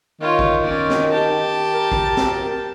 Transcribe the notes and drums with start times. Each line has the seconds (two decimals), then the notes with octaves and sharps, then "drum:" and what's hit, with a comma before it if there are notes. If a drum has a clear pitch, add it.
0.21 D#3 F4 C#5
0.39 drum: kick
0.64 C#4 D5
0.90 drum: snare
1.11 G4 A5
1.74 A#4
1.92 drum: kick
2.17 drum: snare